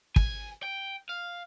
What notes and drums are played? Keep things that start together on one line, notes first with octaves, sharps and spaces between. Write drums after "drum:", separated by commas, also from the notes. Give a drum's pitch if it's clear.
G#5, drum: kick
G5
F5